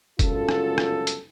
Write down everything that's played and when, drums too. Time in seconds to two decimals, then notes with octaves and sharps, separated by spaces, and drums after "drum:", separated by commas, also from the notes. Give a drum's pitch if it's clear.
0.19 G1 C#2 F#2 F#3 F4 A4, drum: kick, hi-hat
0.49 drum: rim click
0.78 drum: rim click
1.07 drum: hi-hat